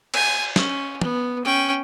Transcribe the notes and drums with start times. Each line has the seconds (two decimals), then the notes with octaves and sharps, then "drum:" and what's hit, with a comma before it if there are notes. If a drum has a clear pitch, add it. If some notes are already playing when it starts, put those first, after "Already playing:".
0.14 G#5, drum: cymbal
0.56 C#4, drum: snare
1.01 B3, drum: tom
1.45 C#4 G5